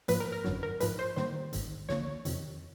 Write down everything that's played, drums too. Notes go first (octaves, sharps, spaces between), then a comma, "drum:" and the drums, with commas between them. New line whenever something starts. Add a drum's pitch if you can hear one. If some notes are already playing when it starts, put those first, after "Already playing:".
G#2 F3 A#3 B4, drum: hi-hat
A#4
A#4
G#1 F#2 D3 F#3, drum: snare
A#4
G#2 F3 G#3 B4, drum: hi-hat
C5
G#2 D#3 G3 A#3 C5, drum: snare
A1 G#2 D#3, drum: hi-hat
D2 D3 F3 A#3 C#5, drum: snare
F2 C3 D#3, drum: hi-hat